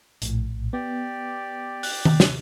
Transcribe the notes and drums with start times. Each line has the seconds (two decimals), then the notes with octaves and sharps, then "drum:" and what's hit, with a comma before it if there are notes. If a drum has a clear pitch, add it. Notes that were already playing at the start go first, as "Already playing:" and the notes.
0.22 A#1 A2, drum: hi-hat
0.73 B3 G4 D5
1.83 F#6, drum: open hi-hat
2.05 drum: tom D#3
2.20 drum: snare